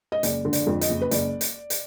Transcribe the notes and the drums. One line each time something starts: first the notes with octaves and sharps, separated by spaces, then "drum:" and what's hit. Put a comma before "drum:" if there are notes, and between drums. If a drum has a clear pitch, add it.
D#5
F#1 D5, drum: hi-hat
D3
D5, drum: hi-hat
F2
D#5, drum: hi-hat
F#1
B4
F#1 D5, drum: hi-hat
drum: hi-hat
drum: hi-hat